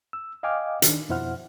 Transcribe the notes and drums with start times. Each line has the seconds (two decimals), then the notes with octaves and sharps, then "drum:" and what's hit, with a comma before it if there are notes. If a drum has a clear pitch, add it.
0.13 E6
0.43 D#5 F5 G5 G#5 D6 F6
0.82 D#3 D4, drum: hi-hat
1.09 F2 B2 E4 C5 F#5 F6